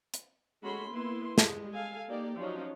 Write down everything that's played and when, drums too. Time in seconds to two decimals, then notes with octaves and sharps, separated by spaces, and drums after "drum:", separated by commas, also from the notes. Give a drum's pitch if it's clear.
0.14 drum: hi-hat
0.63 G#3 C#4 F#4 A4 B5 C6
0.91 A#3 B3 E4 B4 C6
1.38 G3 G#3, drum: snare
1.73 A4 F5 G#5
2.08 A#3 D#4 G4 D5
2.37 F3 F#3 C#4 D#4 F4